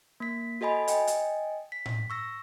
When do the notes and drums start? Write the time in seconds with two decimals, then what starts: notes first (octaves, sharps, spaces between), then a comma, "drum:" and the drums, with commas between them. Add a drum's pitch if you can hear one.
0.20 A#3 B6
0.61 F#4 A4 D#5 G#5 B5
0.88 D#5 G5 G#5, drum: hi-hat
1.07 drum: hi-hat
1.72 B6
1.86 drum: tom A2
2.10 C#6 E6 A#6